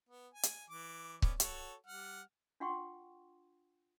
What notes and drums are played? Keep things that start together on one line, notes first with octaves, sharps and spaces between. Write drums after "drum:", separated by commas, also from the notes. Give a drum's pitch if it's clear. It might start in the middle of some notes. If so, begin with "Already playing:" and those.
B3
G#5
drum: hi-hat
E3 D6
B3 C#4 D5, drum: kick C#1
F#4 A4 C#5, drum: hi-hat
G3 F#5 F6
D4 F4 F#5 G5 C6 C#6